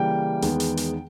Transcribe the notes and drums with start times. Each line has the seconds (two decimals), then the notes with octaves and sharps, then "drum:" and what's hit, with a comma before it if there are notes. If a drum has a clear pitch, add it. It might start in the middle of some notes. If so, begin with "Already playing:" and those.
Already playing: C#3 E3 G3 A#3 G5
0.42 E2 D#3 G#3 B3, drum: hi-hat
0.60 drum: hi-hat
0.77 drum: hi-hat